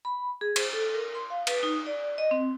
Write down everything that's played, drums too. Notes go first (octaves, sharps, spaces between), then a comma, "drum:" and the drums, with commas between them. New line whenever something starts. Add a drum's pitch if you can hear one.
B5
G#4
C5, drum: cymbal
A4
A#4
C6
F5
B4, drum: cymbal
D#4
D5
D#5
C4